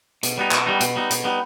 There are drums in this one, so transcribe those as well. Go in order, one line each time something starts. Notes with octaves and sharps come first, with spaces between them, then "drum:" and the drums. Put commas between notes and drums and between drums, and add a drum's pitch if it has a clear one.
B2, drum: hi-hat
G3 B3 D#4
B2, drum: clap
G3 B3 D#4
B2, drum: hi-hat
G3 B3 D#4
B2, drum: hi-hat
G3 B3 D#4